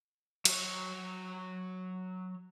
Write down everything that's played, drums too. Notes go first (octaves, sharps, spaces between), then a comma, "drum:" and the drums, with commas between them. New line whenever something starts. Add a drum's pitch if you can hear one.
F#3 C#5, drum: cymbal